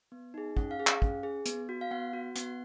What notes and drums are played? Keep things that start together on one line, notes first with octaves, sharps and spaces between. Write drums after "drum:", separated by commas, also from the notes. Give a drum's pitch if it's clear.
B3
D#4 G#4
C#4 F#5, drum: kick
F5
G#4
F5, drum: clap
C#4, drum: kick
G#4
B3, drum: hi-hat
F#4
F5
B3 F#5
F#4
B3 F#5, drum: hi-hat